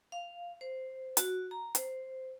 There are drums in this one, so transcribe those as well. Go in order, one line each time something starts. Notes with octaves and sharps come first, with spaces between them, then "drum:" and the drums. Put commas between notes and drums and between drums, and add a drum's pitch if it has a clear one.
F5
C5
F#4, drum: hi-hat
A#5
C5, drum: hi-hat